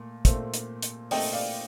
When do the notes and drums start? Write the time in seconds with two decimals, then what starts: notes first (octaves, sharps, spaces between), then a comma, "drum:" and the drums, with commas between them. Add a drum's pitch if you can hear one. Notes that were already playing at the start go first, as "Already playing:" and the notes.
Already playing: A#2 A3
0.25 A#2 A3 C4, drum: kick, hi-hat
0.54 drum: hi-hat
0.83 drum: hi-hat
1.11 A#2 A3 C4 D#5 G5, drum: open hi-hat
1.33 D5 F5